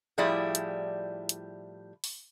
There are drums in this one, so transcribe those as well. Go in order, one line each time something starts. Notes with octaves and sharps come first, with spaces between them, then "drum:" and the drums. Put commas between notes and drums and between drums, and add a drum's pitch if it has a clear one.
A2 F3 G3 E4 G#4 D5
drum: hi-hat
drum: hi-hat
drum: open hi-hat